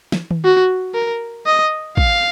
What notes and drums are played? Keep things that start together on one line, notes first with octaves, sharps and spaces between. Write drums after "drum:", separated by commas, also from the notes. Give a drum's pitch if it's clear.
drum: snare
drum: tom D#3
F#4
A#4
D#5
F5, drum: kick